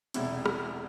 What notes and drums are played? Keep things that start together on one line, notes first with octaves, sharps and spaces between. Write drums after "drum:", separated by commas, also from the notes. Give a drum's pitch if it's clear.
E1 E2 C3 E4, drum: hi-hat
drum: rim click